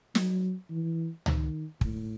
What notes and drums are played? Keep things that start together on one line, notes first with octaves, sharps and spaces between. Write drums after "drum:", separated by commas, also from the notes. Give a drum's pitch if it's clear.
F#3, drum: snare
E3
D#3, drum: tom C#2
A2, drum: kick